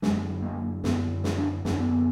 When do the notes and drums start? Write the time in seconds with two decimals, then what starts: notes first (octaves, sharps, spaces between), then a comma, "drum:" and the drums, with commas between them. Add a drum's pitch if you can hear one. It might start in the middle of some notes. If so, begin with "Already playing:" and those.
0.02 F#2 D3 G#3, drum: snare
0.42 A#3
0.84 F#2 D3 B3, drum: snare
1.24 drum: snare
1.37 D4
1.65 F#2 D3 B3, drum: snare
1.72 D4
1.79 B3